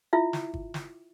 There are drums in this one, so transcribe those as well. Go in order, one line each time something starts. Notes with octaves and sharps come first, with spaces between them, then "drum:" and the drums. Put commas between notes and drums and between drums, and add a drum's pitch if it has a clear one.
E4 F4 E5
drum: snare
drum: kick G1
drum: snare